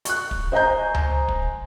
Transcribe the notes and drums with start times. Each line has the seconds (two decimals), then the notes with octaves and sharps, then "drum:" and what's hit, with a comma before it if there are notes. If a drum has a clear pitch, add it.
0.05 C#6 F#6, drum: hi-hat
0.31 drum: kick
0.52 C5 D#5 G#5 A#5 G6
0.94 drum: tom C#2
1.28 drum: kick